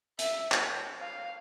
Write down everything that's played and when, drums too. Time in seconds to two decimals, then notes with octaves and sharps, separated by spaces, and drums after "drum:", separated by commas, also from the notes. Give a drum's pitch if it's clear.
0.19 E5, drum: hi-hat
0.52 drum: clap
1.01 F5